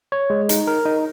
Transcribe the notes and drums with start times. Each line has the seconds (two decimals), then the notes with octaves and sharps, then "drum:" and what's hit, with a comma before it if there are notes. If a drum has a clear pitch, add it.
0.12 C#5
0.30 G#3
0.49 D#4, drum: hi-hat
0.67 A#4
0.85 D#4